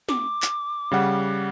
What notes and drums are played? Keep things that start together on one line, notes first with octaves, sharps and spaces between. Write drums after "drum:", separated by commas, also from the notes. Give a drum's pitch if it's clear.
D6, drum: snare
drum: clap
C#3 G3 F#5